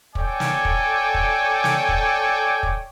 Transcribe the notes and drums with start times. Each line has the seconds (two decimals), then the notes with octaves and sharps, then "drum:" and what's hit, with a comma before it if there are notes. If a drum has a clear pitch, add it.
0.15 A4 C#5 D5 G5 G#5 D6, drum: kick
0.40 drum: snare
0.65 drum: kick
1.14 drum: kick
1.64 drum: snare
1.89 drum: kick
2.63 drum: kick